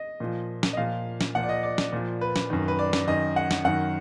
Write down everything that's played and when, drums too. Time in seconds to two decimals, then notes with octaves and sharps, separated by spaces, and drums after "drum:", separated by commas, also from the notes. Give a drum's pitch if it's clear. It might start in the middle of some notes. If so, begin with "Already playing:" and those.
Already playing: D#5
0.20 A#2 F3
0.63 drum: snare
0.73 D#5
0.77 A#2 F3 F5
1.21 drum: snare
1.35 A#2 F3 F#5
1.43 D5
1.49 D#5
1.63 D5
1.78 drum: snare
1.93 A#2 F3
2.21 B4
2.36 drum: snare
2.50 F#2 D#3
2.68 B4
2.79 D5
2.93 drum: snare
3.08 F#2 D#3 D#5
3.36 F#5
3.51 drum: snare
3.64 F#2 D#3 F#5